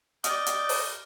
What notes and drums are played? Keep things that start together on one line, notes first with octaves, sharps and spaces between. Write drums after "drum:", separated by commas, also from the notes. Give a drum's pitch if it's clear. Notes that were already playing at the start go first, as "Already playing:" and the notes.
D5 D#5 F6 G6, drum: hi-hat
drum: hi-hat
drum: open hi-hat